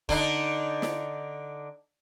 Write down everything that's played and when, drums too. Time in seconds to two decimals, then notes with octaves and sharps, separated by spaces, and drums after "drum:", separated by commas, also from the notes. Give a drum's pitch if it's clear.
0.09 D3 D4 D#4, drum: kick
0.82 drum: snare